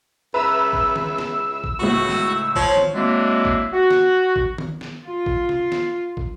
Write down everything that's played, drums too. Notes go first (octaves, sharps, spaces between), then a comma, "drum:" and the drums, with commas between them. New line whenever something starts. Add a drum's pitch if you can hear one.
C#2 B4 E5 A#5 E6
drum: kick
drum: tom D#3
drum: snare
drum: kick
C#2 A2 F#4 C#6
drum: snare
F3 C#5, drum: kick
drum: tom D#3
F#3 G#3 A#3 C4 D4 E4
drum: kick
F#4
drum: snare
drum: kick
drum: tom D#3
drum: snare
F4
drum: kick
drum: tom C3
drum: snare
drum: kick